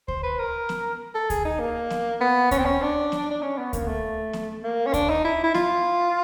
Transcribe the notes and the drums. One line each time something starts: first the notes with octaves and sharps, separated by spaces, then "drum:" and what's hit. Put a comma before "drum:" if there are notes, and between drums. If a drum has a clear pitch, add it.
C5, drum: kick D2
B4
A#4
drum: snare B3
A4
G#4, drum: kick D2, hi-hat
D#4
A#3
drum: snare B3
B3
C#4, drum: kick D2, hi-hat
C4
C#4
D4
drum: snare B3
D4
C#4
B3
A#3, drum: kick D2, hi-hat
A3
drum: snare B3
A#3
C#4
D4, drum: kick D2, hi-hat
D#4
E4
E4
F4, drum: snare B3